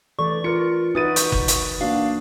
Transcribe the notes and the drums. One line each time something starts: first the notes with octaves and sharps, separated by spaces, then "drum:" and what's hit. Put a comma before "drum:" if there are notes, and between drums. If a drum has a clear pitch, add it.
E3 A3 D5 C#6
F4 A#4 C#7
D#4 F#4 B4 D#6 A6 D#7
C#6 G6, drum: hi-hat
drum: kick F#1
drum: hi-hat
A#3 D4 F#4 F5